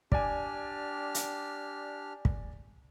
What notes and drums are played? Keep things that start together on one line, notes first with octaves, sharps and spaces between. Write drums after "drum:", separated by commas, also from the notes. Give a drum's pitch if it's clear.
D4 G4 D5 G#5 F6, drum: kick
drum: hi-hat
drum: kick